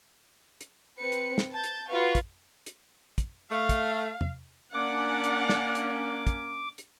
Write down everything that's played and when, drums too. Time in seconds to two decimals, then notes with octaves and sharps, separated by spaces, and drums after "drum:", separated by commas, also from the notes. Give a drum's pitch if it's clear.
0.61 drum: hi-hat
0.99 C4 B4 C#7
1.12 drum: hi-hat
1.38 drum: snare
1.52 A5 G6 A6
1.63 drum: hi-hat
1.89 F4 F#4 B4 F5 C#6
2.15 drum: kick, hi-hat
2.66 drum: hi-hat
3.18 drum: kick, hi-hat
3.50 A3 F5
3.69 drum: kick, hi-hat
4.21 drum: tom
4.74 A#3 C#4 D4 D5 F#5 D6
5.24 drum: hi-hat
5.49 drum: snare
5.75 drum: hi-hat
6.27 drum: kick, hi-hat
6.78 drum: hi-hat